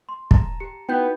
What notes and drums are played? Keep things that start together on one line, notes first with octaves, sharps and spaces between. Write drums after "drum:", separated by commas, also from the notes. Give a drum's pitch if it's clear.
C6
A5 A#5, drum: kick
G4 C#7
B3 D#4 E4 F#4 G5 G6